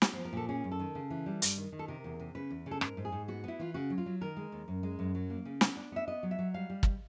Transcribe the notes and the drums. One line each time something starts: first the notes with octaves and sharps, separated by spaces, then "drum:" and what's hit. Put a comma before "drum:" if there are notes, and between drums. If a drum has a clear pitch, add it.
B3 G4, drum: snare
C5
F3
A#4
A#2 A4
C#4 G#4
F#2
A4
D#3
C#3
E3
G3
G2, drum: hi-hat
D#3
D#3
A4
C3 A#4
E2
C3
C#3 B4
E2
C#3
A4
G#2 A#4, drum: rim click
G#2
G#4
G#2
B3 F#4
B3 E4
E3 F4
C#3 F#4
F#3
F4
F#3
D#3 A#4
G#3
D#2
F#2
G#3
F#2
F#3
A#3
C#3
B3, drum: snare
D4
B3 E5
B3 D#5
F#3
E5
F#3
G3 F5
G3
drum: kick